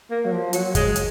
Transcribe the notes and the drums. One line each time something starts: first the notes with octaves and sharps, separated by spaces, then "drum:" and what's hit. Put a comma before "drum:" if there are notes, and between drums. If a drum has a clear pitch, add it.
A#3
F#3
F3
F#3, drum: hi-hat
G#3, drum: kick, hi-hat
drum: hi-hat